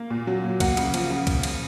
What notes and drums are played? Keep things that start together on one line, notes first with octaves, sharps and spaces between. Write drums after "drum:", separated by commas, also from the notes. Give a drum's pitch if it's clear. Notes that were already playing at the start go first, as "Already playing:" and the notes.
Already playing: A#3
A#2
F#3
A#2
A#3 F#5, drum: kick, cymbal
C#3, drum: cymbal
F3, drum: cymbal
C#3
drum: kick, cymbal
drum: cymbal